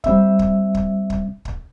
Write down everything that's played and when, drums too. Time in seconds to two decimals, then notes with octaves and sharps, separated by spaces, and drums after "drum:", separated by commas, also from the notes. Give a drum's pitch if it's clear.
0.04 G3 C4 E5, drum: kick
0.39 drum: kick
0.75 drum: kick
1.10 drum: kick
1.45 drum: kick